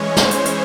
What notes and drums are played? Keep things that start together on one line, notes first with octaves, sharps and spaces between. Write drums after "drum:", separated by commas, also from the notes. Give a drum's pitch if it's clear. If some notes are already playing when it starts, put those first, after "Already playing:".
Already playing: E3 G#3 C#4 C#5
C5, drum: snare
drum: hi-hat
drum: hi-hat